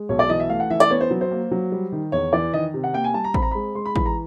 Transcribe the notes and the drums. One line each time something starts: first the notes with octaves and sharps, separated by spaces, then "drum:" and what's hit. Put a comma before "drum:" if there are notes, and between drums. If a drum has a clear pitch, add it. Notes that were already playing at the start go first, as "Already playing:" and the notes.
Already playing: G#3
B1 C#5
D5
E3 D#5
E5
A3 F5
F#5
E3 E5
D5, drum: hi-hat
B3 C#5
C5
F#3
C5
A#3
F#3
G3
D#3
E2 C#5
E3 D5
D#3 D#5
C3
F#5
A#3 G5
G#5
G3 A5
A#5
C4 B5, drum: kick A1
A#5
G#3 B5
G#3 C6
B5
E3 B5, drum: kick A1
A#5